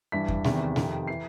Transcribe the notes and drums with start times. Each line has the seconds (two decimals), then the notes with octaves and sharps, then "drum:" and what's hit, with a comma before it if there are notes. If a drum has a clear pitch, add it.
0.12 G2 E3 B6
0.28 drum: kick E2
0.44 E2 C3 D#3, drum: snare
0.76 F2 C3 D#3, drum: snare
1.08 E3 C7